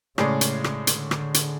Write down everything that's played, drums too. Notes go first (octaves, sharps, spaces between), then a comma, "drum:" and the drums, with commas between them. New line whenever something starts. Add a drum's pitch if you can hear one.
A2 C#3 G#3 C#4 G#4 D5, drum: rim click
drum: hi-hat
drum: rim click
D3, drum: hi-hat
drum: rim click
drum: hi-hat